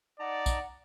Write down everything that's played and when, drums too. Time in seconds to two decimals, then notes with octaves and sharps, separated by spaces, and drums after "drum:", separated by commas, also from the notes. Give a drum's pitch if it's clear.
0.20 D#4 D5 F#5 A5 A#5
0.46 drum: kick A#1, tambourine